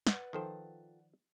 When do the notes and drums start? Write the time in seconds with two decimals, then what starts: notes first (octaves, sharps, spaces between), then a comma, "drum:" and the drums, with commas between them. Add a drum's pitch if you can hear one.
0.07 B4 D5 F#5, drum: snare
0.33 D#3 F3 F4 A4 C5 G5